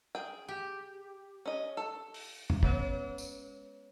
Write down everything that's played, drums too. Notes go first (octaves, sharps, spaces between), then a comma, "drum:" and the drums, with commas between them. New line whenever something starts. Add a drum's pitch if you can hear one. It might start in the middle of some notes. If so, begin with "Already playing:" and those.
G#4 G5
G4
C#4 D#5
A4
drum: open hi-hat
drum: tom E2
G#3 B3 C#4 B4 C#5, drum: kick
drum: tambourine